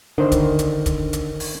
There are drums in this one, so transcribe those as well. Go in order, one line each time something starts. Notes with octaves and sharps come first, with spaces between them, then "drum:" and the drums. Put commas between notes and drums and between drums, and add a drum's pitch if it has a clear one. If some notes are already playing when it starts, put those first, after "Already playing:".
D3 D#3 C5
drum: kick, hi-hat
drum: hi-hat
drum: kick, hi-hat
drum: hi-hat
drum: open hi-hat